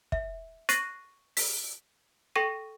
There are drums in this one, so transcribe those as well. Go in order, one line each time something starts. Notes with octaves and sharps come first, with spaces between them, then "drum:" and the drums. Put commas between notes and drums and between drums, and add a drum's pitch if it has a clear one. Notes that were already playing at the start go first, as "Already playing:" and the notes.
E5, drum: kick
C#6 F#6 A6 A#6 C7 D#7, drum: hi-hat
B6, drum: open hi-hat
A4 G5 C#6 A#6 D#7